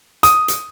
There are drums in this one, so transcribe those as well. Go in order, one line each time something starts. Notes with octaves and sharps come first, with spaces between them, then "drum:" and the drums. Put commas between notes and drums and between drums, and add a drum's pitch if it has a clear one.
D#6, drum: hi-hat
drum: hi-hat